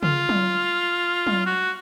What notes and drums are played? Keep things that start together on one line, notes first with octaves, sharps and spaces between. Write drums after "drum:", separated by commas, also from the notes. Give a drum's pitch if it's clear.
F4, drum: tom C#3
drum: tom F#3
drum: tom F#3
F#4